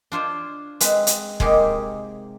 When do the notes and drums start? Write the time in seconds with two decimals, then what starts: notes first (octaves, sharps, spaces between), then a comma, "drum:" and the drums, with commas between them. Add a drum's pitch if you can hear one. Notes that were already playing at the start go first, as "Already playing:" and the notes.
0.12 D4 F4 C5 C#5
0.80 G#3 C4 B4, drum: hi-hat
1.07 drum: hi-hat
1.40 C3 G#3 A#3 D#4 G4 G#4, drum: kick